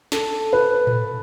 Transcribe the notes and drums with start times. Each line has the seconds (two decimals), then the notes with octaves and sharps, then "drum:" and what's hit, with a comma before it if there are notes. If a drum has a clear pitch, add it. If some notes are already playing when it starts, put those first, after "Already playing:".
0.12 A4, drum: snare
0.53 B4
0.87 drum: tom A2